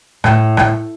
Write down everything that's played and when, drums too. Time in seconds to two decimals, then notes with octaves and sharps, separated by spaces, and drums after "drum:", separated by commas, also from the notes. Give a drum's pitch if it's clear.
0.24 A2, drum: rim click
0.57 drum: rim click